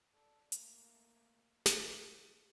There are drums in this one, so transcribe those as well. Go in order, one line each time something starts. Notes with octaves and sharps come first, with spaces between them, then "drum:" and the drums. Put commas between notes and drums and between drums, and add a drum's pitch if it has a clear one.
A4 D5
A3 A#3, drum: hi-hat
F#4, drum: snare